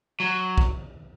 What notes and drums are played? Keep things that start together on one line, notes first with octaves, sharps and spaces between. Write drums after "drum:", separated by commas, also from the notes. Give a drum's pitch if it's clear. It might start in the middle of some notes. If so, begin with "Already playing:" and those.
F#3
drum: kick